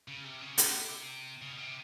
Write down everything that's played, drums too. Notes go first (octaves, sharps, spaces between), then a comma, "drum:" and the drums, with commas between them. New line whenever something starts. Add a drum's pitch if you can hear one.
C#3
C3
C#3
C3, drum: hi-hat
C#3
B2
C3